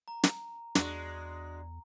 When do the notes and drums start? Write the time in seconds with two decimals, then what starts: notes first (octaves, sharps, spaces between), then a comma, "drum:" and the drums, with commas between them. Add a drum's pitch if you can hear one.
0.08 A#5
0.23 drum: snare
0.75 E2 G#3 D4 F#4, drum: snare